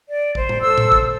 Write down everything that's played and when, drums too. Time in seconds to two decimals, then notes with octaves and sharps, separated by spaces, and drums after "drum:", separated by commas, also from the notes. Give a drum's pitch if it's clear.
0.09 D5
0.35 C5, drum: kick A1
0.49 drum: tom A2
0.62 A4 C5 E6
0.78 drum: tom A2
0.92 drum: kick A1